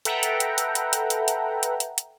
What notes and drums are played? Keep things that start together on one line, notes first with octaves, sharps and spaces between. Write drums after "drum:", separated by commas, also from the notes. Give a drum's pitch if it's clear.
A4 B4 E5 F#5 G5 A#5, drum: hi-hat
drum: hi-hat
drum: hi-hat
drum: hi-hat
drum: hi-hat
drum: hi-hat
drum: hi-hat
drum: hi-hat
drum: hi-hat
drum: hi-hat
drum: hi-hat